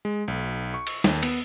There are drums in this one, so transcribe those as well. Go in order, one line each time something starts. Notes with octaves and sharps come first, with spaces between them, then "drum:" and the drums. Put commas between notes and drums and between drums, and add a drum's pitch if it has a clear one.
G#3
B1
C#6
drum: cymbal
D#2, drum: snare
B3, drum: cymbal